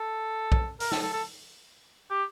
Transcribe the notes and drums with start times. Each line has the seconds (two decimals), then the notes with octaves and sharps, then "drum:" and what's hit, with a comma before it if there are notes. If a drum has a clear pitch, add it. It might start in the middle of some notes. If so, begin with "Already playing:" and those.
Already playing: A4
0.52 drum: kick
0.80 A#4, drum: open hi-hat
0.92 A4, drum: snare
1.02 A4
1.13 A4
2.10 G4